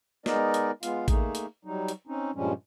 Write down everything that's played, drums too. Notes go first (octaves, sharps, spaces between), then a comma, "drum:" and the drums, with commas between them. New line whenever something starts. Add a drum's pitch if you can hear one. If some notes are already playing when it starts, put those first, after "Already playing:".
G#3 B3 D#4 A#4 D5 D#5, drum: snare
drum: hi-hat
G#3 B3 F4 F5, drum: hi-hat
A3 A#3 D#4 G#4, drum: kick A1, hi-hat
drum: hi-hat
F#3 G3 D#4
drum: hi-hat
C4 C#4 D#4
G2 A#2 F3 G3 G#3 C#4